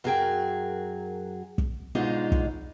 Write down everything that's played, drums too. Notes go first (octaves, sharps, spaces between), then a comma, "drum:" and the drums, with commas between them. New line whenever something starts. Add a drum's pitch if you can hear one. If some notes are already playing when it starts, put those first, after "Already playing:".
F#2 F#3 F#4 G#4 A#4 G5
drum: kick
G#2 B2 G#3 D4 D#4 F4
drum: kick